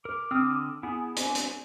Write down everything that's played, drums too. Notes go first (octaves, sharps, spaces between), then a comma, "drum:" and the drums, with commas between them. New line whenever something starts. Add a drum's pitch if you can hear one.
A#4 D6
D3 C4 D#6 F6
B3 E4 G#4 G#5
C4 D4, drum: hi-hat
drum: hi-hat